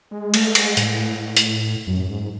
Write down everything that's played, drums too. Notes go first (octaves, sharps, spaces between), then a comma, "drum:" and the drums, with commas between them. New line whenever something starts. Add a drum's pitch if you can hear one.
G#3
A3, drum: cymbal
G#3, drum: cymbal
A2, drum: hi-hat
drum: hi-hat
F#2
G#2